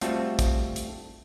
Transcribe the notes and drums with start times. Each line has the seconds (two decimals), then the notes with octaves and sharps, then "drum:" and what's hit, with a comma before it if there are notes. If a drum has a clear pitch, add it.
0.01 G3 A3 C4 F4 F#4 A4, drum: hi-hat
0.39 drum: kick, hi-hat
0.76 drum: hi-hat